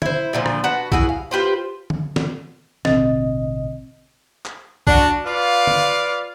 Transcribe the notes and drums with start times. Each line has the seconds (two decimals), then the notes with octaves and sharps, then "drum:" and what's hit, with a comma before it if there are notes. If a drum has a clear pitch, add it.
0.02 E4 C5, drum: tom
0.33 A#2 D3 F3
0.46 drum: rim click
0.64 F#4 B4 A5
0.92 E4 F#4 G#4 B4, drum: kick
1.09 F5
1.31 F4 G4 B4 C5
1.90 drum: tom
2.16 drum: snare
2.85 A1 B2 D3 C4 D#5, drum: snare
4.45 drum: clap
4.87 D4 F#4, drum: kick
5.26 F4 B4 D5 F5
5.67 drum: tom